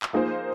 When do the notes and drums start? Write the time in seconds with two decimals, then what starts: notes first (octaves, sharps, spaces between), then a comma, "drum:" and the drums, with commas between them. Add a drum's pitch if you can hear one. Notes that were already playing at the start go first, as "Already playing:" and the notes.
0.03 drum: clap
0.13 F3 A#3 D#4 G#4 C5